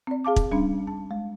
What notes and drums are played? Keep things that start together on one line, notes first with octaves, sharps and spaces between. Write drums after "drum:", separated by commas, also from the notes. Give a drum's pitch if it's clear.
C4 D5
G#4 F5 A5 D6
drum: kick
G3 C#4 D4
A5
G#3